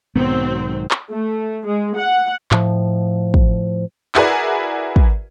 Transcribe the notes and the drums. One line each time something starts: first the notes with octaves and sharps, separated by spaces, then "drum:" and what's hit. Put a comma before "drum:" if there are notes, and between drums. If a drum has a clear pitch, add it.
B1 G#2 D#3 F#3 B3 C4
drum: clap
A3
G#3
F#5
A2 F3, drum: clap
drum: kick
E4 F#4 G#4 A#4 B4 D5, drum: clap
drum: kick